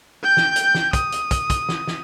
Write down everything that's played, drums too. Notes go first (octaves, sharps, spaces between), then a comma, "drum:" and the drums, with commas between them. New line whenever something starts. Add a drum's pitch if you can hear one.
G5 G6
drum: snare
drum: hi-hat
drum: snare
D#6, drum: kick, hi-hat
drum: hi-hat
drum: kick, hi-hat
drum: kick, hi-hat
drum: snare
drum: snare